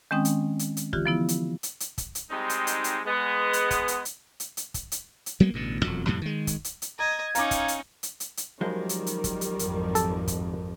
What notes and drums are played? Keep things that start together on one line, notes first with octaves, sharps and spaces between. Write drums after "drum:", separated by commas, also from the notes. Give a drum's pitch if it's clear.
D#3 G#3 C4 C#4 G5 D#6
drum: hi-hat
drum: hi-hat
drum: hi-hat
D3 E3 F4 G4, drum: kick
F3 B3 E4
drum: hi-hat
drum: hi-hat
drum: hi-hat
drum: kick, hi-hat
drum: hi-hat
G3 G#3 C4 D#4
drum: hi-hat
drum: hi-hat
drum: hi-hat
G#3 B3
drum: hi-hat
drum: kick, hi-hat
drum: hi-hat
drum: hi-hat
drum: hi-hat
drum: hi-hat
drum: kick, hi-hat
drum: hi-hat
drum: hi-hat
F#3 G#3 A#3 B3
A1 B2 D3
E1 F2 F#3
F2 A2 C3 G3
D#3 G#3
drum: kick, hi-hat
drum: hi-hat
drum: hi-hat
D#5 A#5 G#6
C#4 D#4 F5 A#5 D6, drum: hi-hat
drum: kick, hi-hat
drum: hi-hat
drum: hi-hat
drum: hi-hat
drum: hi-hat
F#2 D#3 F3 G3 G#3 A#4
drum: hi-hat
drum: hi-hat
drum: kick, hi-hat
drum: hi-hat
G#1 F2, drum: hi-hat
A4, drum: hi-hat
drum: kick, hi-hat